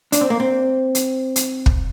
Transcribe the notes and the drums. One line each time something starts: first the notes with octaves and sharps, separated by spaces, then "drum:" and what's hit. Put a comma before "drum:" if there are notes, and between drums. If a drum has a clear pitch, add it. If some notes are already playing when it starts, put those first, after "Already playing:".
D4, drum: hi-hat
C4
A#3
C4
drum: hi-hat
drum: hi-hat
drum: kick